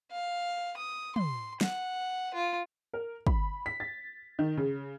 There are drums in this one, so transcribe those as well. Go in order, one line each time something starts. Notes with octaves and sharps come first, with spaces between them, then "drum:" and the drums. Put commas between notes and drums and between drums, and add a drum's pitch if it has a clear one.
F5
D#6
C6, drum: tom
F#5, drum: snare
F4
A#4
B5, drum: kick
B6
A6
D#3
C#3